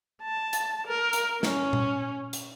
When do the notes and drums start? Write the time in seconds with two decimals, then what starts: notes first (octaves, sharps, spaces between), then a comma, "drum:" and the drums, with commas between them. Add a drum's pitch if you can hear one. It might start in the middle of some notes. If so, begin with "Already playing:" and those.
0.22 A5
0.53 drum: hi-hat
0.88 A#4
1.13 drum: hi-hat
1.43 C#4, drum: snare
1.73 drum: tom A#2
2.33 drum: hi-hat